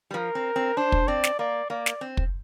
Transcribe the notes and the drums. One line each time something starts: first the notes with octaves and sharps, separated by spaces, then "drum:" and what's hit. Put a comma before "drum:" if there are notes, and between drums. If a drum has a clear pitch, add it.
G3
F3 A#4
C4
C4
D4 C5
drum: kick
C4 D5
drum: snare
A#3 D5
A#3 D5
drum: snare
C4
drum: kick